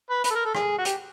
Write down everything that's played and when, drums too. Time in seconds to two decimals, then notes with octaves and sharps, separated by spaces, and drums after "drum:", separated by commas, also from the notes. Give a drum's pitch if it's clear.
0.10 B4
0.24 B4, drum: hi-hat
0.30 A4
0.35 A#4
0.45 A4
0.55 G#4, drum: rim click
0.78 F#4
0.85 G4, drum: hi-hat